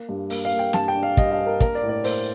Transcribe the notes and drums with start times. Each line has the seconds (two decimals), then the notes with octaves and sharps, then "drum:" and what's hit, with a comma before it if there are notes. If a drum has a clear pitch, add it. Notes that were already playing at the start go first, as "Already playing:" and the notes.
Already playing: A#3
0.09 G2
0.30 A#3, drum: open hi-hat
0.45 F5
0.52 A#3
0.59 G5
0.73 G2 A5, drum: snare
0.88 G5
0.95 D4
1.03 F5
1.17 G2 D#5, drum: kick, hi-hat
1.32 F5
1.38 D4
1.46 A#4
1.60 A#3 A#4, drum: kick, hi-hat
1.75 D5
1.83 A2
1.89 D5
2.04 A#3 C5, drum: open hi-hat